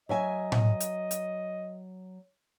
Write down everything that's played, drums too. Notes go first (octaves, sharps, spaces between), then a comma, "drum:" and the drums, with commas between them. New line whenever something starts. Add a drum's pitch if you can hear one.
F#3 D#5 E5 G#5
drum: tom A2
drum: hi-hat
drum: hi-hat